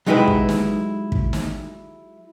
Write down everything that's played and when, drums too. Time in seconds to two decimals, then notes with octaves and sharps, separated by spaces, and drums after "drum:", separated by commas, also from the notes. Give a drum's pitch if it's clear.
0.06 F#3 G#3 D#4 E4 G4 B4
0.28 drum: kick
0.49 drum: snare
1.12 drum: kick
1.33 drum: snare